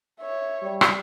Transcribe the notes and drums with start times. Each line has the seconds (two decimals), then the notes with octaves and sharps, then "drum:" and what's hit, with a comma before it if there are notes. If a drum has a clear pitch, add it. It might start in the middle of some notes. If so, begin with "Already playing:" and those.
0.20 C#5 E5
0.63 G3
0.81 drum: rim click